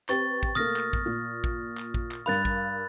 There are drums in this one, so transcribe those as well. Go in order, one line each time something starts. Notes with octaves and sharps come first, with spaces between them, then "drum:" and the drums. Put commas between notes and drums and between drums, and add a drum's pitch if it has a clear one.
C4 G4 B4 C#6 A6, drum: clap
drum: kick
B2 A3 A#3 D#6 F6 A#6
drum: clap
drum: kick
A#2
drum: kick
drum: clap
drum: kick
drum: clap
G2 A#4 F5 B5 F#6 A6
drum: kick